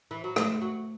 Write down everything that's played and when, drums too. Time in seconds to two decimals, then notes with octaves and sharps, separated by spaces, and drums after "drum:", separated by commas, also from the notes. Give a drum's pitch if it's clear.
0.11 E3
0.24 F#3
0.36 G#3 A3, drum: rim click
0.61 F#3